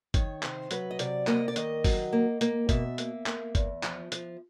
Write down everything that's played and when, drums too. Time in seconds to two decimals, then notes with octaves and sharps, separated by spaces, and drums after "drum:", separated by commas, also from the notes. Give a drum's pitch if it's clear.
0.14 D#3 C#5, drum: kick G1, hi-hat
0.43 C3 C5, drum: clap
0.71 F#3 B4, drum: hi-hat
0.91 D#5
0.99 C3 D5, drum: hi-hat
1.27 A#3 D#5, drum: clap
1.48 D5
1.56 D#3 D#5, drum: hi-hat
1.84 F#3, drum: kick G1, open hi-hat
2.13 A#3
2.41 A#3, drum: hi-hat
2.69 B2 E5, drum: kick G1, hi-hat
2.98 A#3, drum: hi-hat
3.26 A#3, drum: clap
3.55 E2, drum: kick G1, hi-hat
3.83 F3, drum: clap
4.12 F3, drum: hi-hat